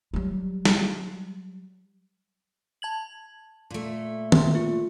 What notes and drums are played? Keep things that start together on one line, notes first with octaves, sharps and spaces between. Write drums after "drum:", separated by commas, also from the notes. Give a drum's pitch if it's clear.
F#3 G3
drum: snare
A5 G#6 F#7
A#2 A3
C6, drum: tom
F4